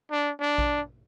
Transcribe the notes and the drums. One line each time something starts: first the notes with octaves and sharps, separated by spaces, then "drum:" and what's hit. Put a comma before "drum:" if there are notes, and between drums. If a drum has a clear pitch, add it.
D4
D4
drum: kick A#1